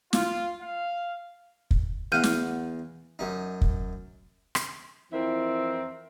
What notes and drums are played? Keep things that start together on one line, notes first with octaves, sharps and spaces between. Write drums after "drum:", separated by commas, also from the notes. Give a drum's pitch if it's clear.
F4, drum: snare
F5
drum: kick
E2 F5 F#5 F6 G6 D#7
drum: snare
F#2 D#4
drum: kick
drum: rim click
F2 E3 C4 E4 A#4 E5